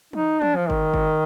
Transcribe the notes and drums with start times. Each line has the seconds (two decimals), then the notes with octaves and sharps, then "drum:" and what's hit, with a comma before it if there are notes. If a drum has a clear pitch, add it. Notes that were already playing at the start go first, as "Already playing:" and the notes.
0.13 D#4, drum: tom E3
0.42 D4, drum: tom E3
0.56 F3
0.70 D#3, drum: kick G1
0.94 drum: kick G1